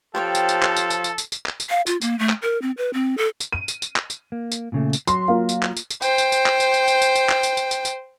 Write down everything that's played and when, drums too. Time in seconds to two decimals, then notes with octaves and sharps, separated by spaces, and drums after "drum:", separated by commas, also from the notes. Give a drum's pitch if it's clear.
0.15 F3 G4 A4 C5 C#5 G5
0.35 drum: tambourine
0.49 drum: tambourine
0.63 drum: clap
0.76 drum: tambourine
0.90 drum: tambourine
1.04 drum: tambourine
1.18 drum: tambourine
1.32 drum: tambourine
1.46 drum: clap
1.60 drum: tambourine
1.70 F5
1.87 F4, drum: tambourine
2.02 A#3, drum: tambourine
2.19 A3
2.29 drum: clap
2.42 A#4
2.62 C4
2.77 B4
2.94 C4
3.18 A4
3.40 drum: tambourine
3.52 D#7
3.68 drum: tambourine
3.82 drum: tambourine
3.96 drum: clap
4.10 drum: tambourine
4.32 A#3
4.52 drum: tambourine
4.72 A#2 C#3 A3
4.93 drum: tambourine
5.07 F#3 C6, drum: tambourine
5.28 A#3 F4
5.49 drum: tambourine
5.63 drum: clap
5.77 drum: tambourine
5.90 drum: tambourine
6.02 C5 G5, drum: tambourine
6.18 drum: tambourine
6.32 drum: tambourine
6.46 drum: clap
6.60 drum: tambourine
6.74 drum: tambourine
6.88 drum: tambourine
7.02 drum: tambourine
7.16 drum: tambourine
7.29 drum: clap
7.43 drum: tambourine
7.57 drum: tambourine
7.71 drum: tambourine
7.85 drum: tambourine